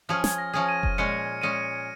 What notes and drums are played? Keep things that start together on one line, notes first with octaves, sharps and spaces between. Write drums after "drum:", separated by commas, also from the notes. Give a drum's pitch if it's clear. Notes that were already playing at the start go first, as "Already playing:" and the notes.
F3 C#4 G#4 F6
G#6, drum: snare
A#6
F3 C#4 G#4
D#7
D#7, drum: kick F1
A#2 G#3 C#4 G#4 C#7
A#2 G#3 C#4 G#4 D#7